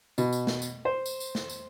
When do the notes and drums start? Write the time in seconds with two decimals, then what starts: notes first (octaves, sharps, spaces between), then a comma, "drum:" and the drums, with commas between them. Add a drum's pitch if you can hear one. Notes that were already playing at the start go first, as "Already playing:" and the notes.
0.18 B2, drum: tambourine
0.32 drum: tambourine
0.47 drum: snare
0.62 drum: tambourine
0.85 C5
1.06 drum: tambourine
1.20 drum: tambourine
1.35 drum: snare
1.49 drum: tambourine